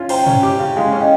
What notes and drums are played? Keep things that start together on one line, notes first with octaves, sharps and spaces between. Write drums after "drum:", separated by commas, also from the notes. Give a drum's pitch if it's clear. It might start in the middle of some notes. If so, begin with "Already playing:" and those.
Already playing: C#4 F4
C5 G5 A#5, drum: cymbal
C#4, drum: tom
G4
C#3
G#3 F5 G#5
C#4
D#5 G5